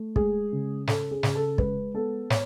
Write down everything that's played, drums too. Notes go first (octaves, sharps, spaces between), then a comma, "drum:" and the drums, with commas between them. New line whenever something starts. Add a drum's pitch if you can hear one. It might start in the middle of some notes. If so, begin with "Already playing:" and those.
Already playing: A3
G#3 G#4, drum: kick
C#3
C#4 A4, drum: snare
G#4
C#3, drum: snare
A4
G#3 B4, drum: kick
B3 A4
C#5, drum: snare